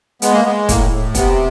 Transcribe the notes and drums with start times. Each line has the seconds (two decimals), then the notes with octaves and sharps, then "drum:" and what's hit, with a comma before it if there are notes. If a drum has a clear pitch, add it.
0.22 G#3 B3, drum: hi-hat
0.33 A#3
0.45 G#3 B3
0.69 A2 A#3, drum: kick, hi-hat
0.91 A2
1.15 C3 B3, drum: kick, hi-hat